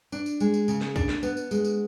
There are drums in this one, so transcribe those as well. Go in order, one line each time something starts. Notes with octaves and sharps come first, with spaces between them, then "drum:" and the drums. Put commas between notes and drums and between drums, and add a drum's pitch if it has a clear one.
D4, drum: tambourine
drum: tambourine
G#3, drum: tambourine
drum: tambourine
C#3, drum: tambourine
drum: snare
D4, drum: kick B1, tambourine
drum: snare
B3, drum: tambourine
drum: tambourine
G#3, drum: tambourine
drum: tambourine